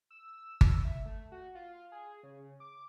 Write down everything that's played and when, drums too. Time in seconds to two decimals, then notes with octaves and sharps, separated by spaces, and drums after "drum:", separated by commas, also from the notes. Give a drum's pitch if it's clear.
0.11 E6
0.61 drum: kick G1
0.85 E5
1.06 A3
1.32 F#4
1.55 F4
1.92 G#4
2.23 C#3
2.60 D6